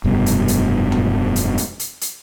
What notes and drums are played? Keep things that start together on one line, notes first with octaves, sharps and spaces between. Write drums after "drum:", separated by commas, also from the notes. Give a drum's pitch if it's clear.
F1 G2 B2
drum: hi-hat
drum: hi-hat
drum: tom
drum: hi-hat
drum: hi-hat
drum: hi-hat
drum: hi-hat